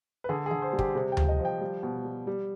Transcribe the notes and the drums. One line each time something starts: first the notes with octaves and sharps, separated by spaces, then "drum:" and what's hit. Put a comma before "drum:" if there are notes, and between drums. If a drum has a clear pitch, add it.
B4
D3 G#4
G#4
D3
C5
G3
G4, drum: kick
C3 G#4
G5
F3, drum: tom D2
D#5
F3
G5
G3
B2
G3
G3